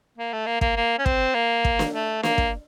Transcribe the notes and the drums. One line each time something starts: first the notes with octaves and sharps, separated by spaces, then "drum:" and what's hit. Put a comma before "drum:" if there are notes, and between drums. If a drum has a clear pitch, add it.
A#3
A3
A#3
A#3, drum: kick
A#3
C#4
C4, drum: kick
A#3
drum: kick
drum: snare
A3
A#3, drum: snare
drum: kick